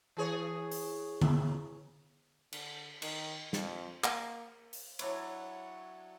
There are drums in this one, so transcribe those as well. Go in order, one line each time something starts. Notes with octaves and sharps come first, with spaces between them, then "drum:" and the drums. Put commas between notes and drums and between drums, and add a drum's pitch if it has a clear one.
E3 G#4 C#5
drum: open hi-hat
drum: tom D3
D3, drum: cymbal
D#3, drum: cymbal
F2, drum: snare
A#3, drum: clap
drum: open hi-hat
F#3 D4 E4 C#5, drum: cymbal